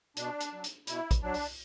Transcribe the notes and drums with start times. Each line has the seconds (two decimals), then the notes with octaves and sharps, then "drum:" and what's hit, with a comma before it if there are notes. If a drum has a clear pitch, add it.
0.17 B2 D4, drum: hi-hat
0.41 drum: hi-hat
0.53 F#3
0.64 drum: hi-hat
0.87 B2 E4, drum: hi-hat
1.11 drum: kick, hi-hat
1.23 F#3 D4
1.34 drum: open hi-hat